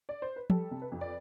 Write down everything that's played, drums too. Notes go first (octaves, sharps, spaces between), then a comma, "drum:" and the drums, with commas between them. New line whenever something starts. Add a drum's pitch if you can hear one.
D5
C5
B4
G3 A4, drum: tom F3
C3
B4
F2
D5